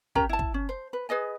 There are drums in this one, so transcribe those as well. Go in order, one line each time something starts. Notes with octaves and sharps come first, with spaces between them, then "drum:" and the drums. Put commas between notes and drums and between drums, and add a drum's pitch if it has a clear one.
C#4 G4 A#4 A#5, drum: kick
E4 A5
drum: kick
C#4
C5
B4
G#4 B4 D#5 G#5